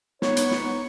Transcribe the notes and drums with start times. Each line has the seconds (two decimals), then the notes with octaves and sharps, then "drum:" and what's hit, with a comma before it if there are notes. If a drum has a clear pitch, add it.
0.22 B3 D#4 C#5 C#6, drum: snare
0.37 drum: hi-hat
0.51 drum: snare